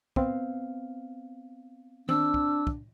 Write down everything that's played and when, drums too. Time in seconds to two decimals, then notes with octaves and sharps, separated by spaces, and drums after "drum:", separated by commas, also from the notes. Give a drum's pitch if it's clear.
0.16 B3 C4 F5, drum: kick
2.09 C4 D4 E6, drum: tom D#3
2.34 drum: kick
2.67 drum: kick